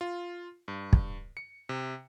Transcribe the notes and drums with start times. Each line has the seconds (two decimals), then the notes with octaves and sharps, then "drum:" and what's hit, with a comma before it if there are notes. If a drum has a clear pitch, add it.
0.01 F4
0.68 G2
0.93 drum: kick
1.37 C#7
1.69 C3